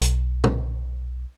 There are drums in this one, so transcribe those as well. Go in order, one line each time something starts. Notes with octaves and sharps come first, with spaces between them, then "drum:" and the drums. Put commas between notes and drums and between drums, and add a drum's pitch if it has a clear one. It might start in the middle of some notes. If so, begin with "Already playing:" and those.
B1, drum: hi-hat
drum: tom A#2